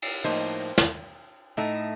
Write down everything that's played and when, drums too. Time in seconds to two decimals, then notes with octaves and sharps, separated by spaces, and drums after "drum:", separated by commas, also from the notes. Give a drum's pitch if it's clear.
0.02 drum: cymbal
0.24 A2 F3 A#3 D#4 C5, drum: open hi-hat
0.78 drum: snare
1.57 A2 A3 D#4